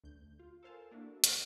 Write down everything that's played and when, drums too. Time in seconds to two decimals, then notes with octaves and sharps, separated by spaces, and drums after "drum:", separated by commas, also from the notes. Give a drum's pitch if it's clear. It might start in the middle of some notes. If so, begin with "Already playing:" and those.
0.04 D2 G6
0.39 F4
0.63 A4 A#4 C5 F5 G#5 A5
0.91 A#3 D4 E4 F#4
1.24 A#4 F#6, drum: hi-hat